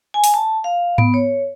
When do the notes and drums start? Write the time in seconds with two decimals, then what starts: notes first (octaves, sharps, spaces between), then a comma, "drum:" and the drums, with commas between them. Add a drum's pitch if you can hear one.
0.14 G#5
0.24 drum: open hi-hat
0.34 A5
0.64 F5
0.98 B3, drum: tom G#2
1.14 C#5